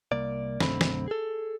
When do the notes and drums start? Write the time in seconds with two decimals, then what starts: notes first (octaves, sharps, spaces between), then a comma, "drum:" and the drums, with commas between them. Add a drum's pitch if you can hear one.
0.12 C2 A#3 D5
0.60 B1 F#2 D3 A3 C4 B5, drum: snare
0.81 drum: snare
1.08 G#4 A4